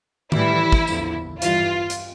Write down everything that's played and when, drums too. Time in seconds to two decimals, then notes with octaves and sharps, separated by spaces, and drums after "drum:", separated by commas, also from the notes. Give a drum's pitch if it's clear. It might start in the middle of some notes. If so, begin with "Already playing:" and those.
0.32 A2 E3 G3 E4, drum: tom D#3
0.72 drum: kick
0.87 E2 D3 F3, drum: tambourine
1.42 G2 E3 G3 F4, drum: hi-hat
1.90 drum: hi-hat